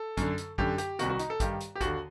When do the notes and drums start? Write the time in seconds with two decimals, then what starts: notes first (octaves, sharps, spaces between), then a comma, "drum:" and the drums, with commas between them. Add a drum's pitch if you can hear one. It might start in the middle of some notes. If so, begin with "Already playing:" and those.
Already playing: A4
0.17 F#2 D3, drum: kick A1, hi-hat
0.38 drum: hi-hat
0.58 F#2 D3 G4, drum: kick A1
0.78 G4, drum: hi-hat
0.99 C2 C3 D#3 F#4, drum: hi-hat
1.10 F#4
1.19 D#4, drum: hi-hat
1.30 A4
1.40 G2 D#3 G4, drum: kick A1, hi-hat
1.60 drum: hi-hat
1.76 G4
1.81 D#2 D3 F#4, drum: kick A1, hi-hat